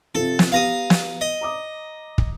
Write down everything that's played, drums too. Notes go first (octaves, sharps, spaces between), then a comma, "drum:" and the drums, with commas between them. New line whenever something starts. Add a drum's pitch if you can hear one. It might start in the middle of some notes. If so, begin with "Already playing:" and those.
C3 F3 A4
drum: snare
B3 G4 F5 A#5 D#6
drum: snare
D#5
A#5 D6 D#6
drum: kick